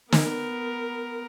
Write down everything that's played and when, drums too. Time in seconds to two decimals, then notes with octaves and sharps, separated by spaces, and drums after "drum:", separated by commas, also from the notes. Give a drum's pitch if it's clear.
0.12 B3 A#4, drum: snare